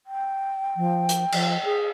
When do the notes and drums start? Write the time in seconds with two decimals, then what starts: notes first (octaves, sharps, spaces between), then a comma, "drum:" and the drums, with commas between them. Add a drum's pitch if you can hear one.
0.07 G5
0.77 F3
1.09 drum: hi-hat
1.32 F3, drum: cymbal
1.64 G#4